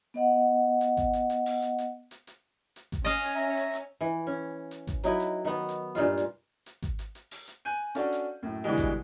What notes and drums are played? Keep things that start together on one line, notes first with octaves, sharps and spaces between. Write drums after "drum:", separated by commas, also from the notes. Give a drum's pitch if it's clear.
B3 D#5 F#5
drum: hi-hat
drum: kick G#1, hi-hat
drum: hi-hat
drum: hi-hat
drum: open hi-hat
drum: hi-hat
drum: hi-hat
drum: hi-hat
drum: hi-hat
drum: hi-hat
drum: kick G#1, hi-hat
C#4 D#5 F5
drum: hi-hat
E5 A#5
drum: hi-hat
drum: hi-hat
E3
C#4
drum: hi-hat
drum: kick G#1, hi-hat
F#3 D#4 E4 B4, drum: hi-hat
drum: hi-hat
D#3 B3
drum: hi-hat
G2 A#2 G#3 F4
drum: hi-hat
drum: hi-hat
drum: kick G#1, hi-hat
drum: hi-hat
drum: hi-hat
drum: open hi-hat
drum: hi-hat
G#5 F#6 G6 D#7
C#4 D4 F#4 A4 D5 F5, drum: hi-hat
drum: hi-hat
F#2 A2
B2 D3 E3 G3 G#3
drum: kick G#1, hi-hat